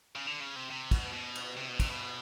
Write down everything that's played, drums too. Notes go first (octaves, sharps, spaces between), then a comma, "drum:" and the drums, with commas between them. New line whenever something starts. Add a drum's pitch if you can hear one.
C#3
D3
C#3
C3
C3
B2, drum: kick, cymbal
B2
drum: cymbal
C3
B2
C3, drum: kick, cymbal
B2